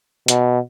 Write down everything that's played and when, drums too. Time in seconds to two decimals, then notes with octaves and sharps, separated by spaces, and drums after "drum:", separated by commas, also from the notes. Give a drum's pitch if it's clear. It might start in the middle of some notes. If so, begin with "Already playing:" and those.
0.28 B2, drum: hi-hat